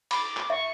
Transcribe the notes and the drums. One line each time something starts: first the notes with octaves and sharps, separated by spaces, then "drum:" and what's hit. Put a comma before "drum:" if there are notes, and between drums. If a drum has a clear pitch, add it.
B5 D6, drum: cymbal
drum: clap
E5 C#6